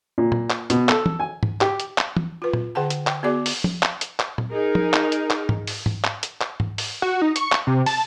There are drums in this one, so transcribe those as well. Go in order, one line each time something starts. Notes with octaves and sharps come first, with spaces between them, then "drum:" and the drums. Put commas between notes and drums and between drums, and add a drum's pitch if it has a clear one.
A#2
drum: tom A#2
drum: clap
B2, drum: hi-hat
A4, drum: clap
drum: tom
G#5
drum: tom G#2
G4, drum: clap
drum: hi-hat
drum: clap
drum: tom
F4 B4
drum: tom A#2
D3 G#4 F#5 G5 A5
drum: hi-hat
G5, drum: clap
B3 F#4 G#4 D5 D6
drum: open hi-hat
drum: tom
drum: clap
drum: hi-hat
drum: clap
drum: tom A#2
D#4 G#4 A#4
drum: tom
drum: clap
drum: hi-hat
drum: clap
drum: tom G#2
drum: open hi-hat
drum: tom G#2
drum: clap
drum: hi-hat
drum: clap
drum: tom G#2
drum: open hi-hat
F#4
D#4
C#6, drum: hi-hat
drum: clap
C3
A5, drum: open hi-hat